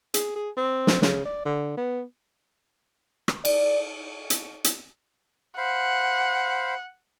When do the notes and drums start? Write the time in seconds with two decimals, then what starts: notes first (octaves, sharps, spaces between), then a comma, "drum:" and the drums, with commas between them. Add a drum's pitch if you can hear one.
0.14 G#4, drum: hi-hat
0.36 G#4
0.57 C4
0.87 drum: snare
1.02 C#3, drum: snare
1.25 D5
1.45 D3
1.77 B3
3.28 drum: rim click
3.45 D5, drum: cymbal
4.30 drum: hi-hat
4.64 drum: hi-hat
5.57 C5 F5 F#5 B5